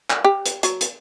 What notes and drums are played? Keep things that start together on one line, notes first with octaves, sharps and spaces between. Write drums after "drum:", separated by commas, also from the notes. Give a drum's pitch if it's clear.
drum: clap
G4
drum: hi-hat
F#3, drum: hi-hat
drum: hi-hat